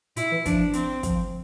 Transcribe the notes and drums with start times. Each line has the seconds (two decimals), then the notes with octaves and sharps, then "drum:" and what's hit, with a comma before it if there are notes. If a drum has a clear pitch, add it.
0.17 A#2 E4, drum: hi-hat
0.31 E3
0.45 F3 D4, drum: kick, hi-hat
0.73 C4, drum: hi-hat
1.03 F3, drum: kick, hi-hat